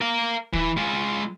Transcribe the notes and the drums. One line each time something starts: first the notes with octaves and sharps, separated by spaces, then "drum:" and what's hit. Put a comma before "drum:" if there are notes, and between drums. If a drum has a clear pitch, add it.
A#4 F5
E3, drum: kick
G#3 F4